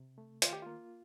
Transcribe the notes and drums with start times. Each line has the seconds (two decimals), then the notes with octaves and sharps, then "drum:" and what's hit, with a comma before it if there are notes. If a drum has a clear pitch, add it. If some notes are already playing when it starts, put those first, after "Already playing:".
Already playing: C3
0.18 A3
0.42 D#3 F4, drum: hi-hat
0.53 G4
0.62 A#3 F4